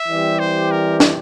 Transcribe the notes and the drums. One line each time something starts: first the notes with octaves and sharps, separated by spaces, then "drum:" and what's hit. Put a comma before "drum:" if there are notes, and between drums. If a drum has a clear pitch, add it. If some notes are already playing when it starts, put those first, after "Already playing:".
Already playing: E5
E3 G3 C4 G4 D5
C5
A#4
drum: snare